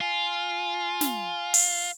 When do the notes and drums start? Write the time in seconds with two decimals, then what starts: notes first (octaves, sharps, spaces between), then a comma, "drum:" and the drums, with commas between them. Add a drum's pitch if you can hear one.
0.01 F4 G#5
1.01 drum: snare
1.54 drum: open hi-hat